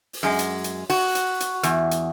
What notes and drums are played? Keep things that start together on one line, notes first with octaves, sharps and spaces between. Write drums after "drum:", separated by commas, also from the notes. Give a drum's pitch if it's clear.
drum: open hi-hat
F#2 G#3
drum: hi-hat
drum: hi-hat
F#4, drum: open hi-hat
drum: hi-hat
drum: hi-hat
E2, drum: hi-hat
drum: hi-hat